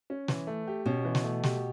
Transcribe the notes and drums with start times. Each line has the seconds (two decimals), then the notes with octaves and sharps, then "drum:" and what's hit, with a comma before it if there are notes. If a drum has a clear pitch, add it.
0.10 C#4
0.28 E3, drum: snare
0.47 A3
0.67 G4
0.86 B2 C#4
1.05 E3
1.15 drum: snare
1.24 A3
1.44 G4, drum: snare